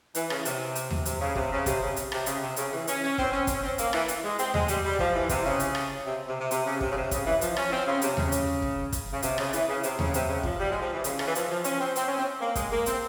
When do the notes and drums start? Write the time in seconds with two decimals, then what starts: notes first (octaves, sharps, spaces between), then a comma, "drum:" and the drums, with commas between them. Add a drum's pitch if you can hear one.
0.15 E3, drum: hi-hat
0.30 C#3, drum: rim click
0.45 C3, drum: hi-hat
0.75 drum: hi-hat
0.91 drum: tom D#2
1.05 C3, drum: hi-hat
1.20 C#3
1.35 C3, drum: kick
1.52 C#3
1.66 C3, drum: kick, hi-hat
1.82 C#3
1.96 drum: hi-hat
2.12 C3, drum: rim click
2.26 C#3, drum: hi-hat
2.42 C3
2.56 C#3, drum: hi-hat
2.73 E3
2.87 C#4, drum: hi-hat
3.03 C#4
3.18 C4, drum: kick
3.32 C#4
3.47 C#4, drum: kick, hi-hat
3.62 C4
3.78 A#3, drum: hi-hat
3.93 E3, drum: rim click
4.08 drum: hi-hat
4.23 G#3
4.39 C4, drum: hi-hat
4.54 G#3, drum: tom D#2
4.68 G3, drum: hi-hat
4.85 G3
4.99 F3, drum: kick
5.15 E3
5.29 C3, drum: kick, hi-hat
5.45 C#3
5.60 drum: hi-hat
5.75 drum: rim click
6.05 C3
6.27 C3
6.39 C3
6.51 C3, drum: hi-hat
6.65 C#3
6.81 C3, drum: kick
6.91 C#3
6.96 C3
7.11 C#3, drum: kick, hi-hat
7.26 E3
7.41 F3, drum: hi-hat
7.57 C#4, drum: rim click
7.71 C4
7.86 C#3
8.02 C3, drum: hi-hat
8.17 C#3, drum: tom D#2
8.32 drum: hi-hat
8.62 drum: kick
8.92 drum: kick, hi-hat
9.12 C#3
9.22 C3, drum: hi-hat
9.38 C#3, drum: rim click
9.53 E3, drum: hi-hat
9.68 C#3
9.83 C3, drum: hi-hat
9.99 C#3, drum: tom D#2
10.14 C3, drum: hi-hat
10.28 C#3
10.43 F3, drum: kick
10.59 G3
10.71 G#3
10.81 F3
10.93 E3
11.04 C#3, drum: hi-hat
11.19 C#3, drum: rim click
11.27 E3
11.35 F3, drum: hi-hat
11.50 F3
11.64 C#4, drum: hi-hat
11.80 C4
11.96 C4, drum: hi-hat
12.07 C#4
12.18 C4
12.40 A#3
12.55 G#3, drum: kick, hi-hat
12.71 A#3
12.86 C4, drum: hi-hat